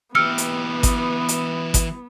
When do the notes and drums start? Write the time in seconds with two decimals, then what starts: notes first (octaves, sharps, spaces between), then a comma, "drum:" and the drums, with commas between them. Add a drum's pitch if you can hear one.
0.15 E3 B3 G4 E6 F6 C#7
0.38 drum: hi-hat
0.83 drum: kick G#1, hi-hat
1.29 drum: hi-hat
1.74 drum: kick G#1, hi-hat